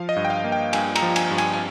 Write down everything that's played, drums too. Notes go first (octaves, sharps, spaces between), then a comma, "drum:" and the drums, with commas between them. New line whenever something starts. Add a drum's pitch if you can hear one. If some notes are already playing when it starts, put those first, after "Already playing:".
Already playing: F3 F5
D#5
G2
G5
F5
A#3
G5
G2 G#5, drum: cymbal
A#5, drum: cymbal
F3
G#5, drum: cymbal
G2
G#5, drum: cymbal
G#5